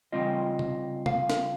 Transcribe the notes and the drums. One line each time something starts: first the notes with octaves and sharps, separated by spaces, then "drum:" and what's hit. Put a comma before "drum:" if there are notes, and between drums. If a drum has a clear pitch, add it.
C#3 G3 C4 F4 D#5
drum: tom C3
F5, drum: tom
drum: snare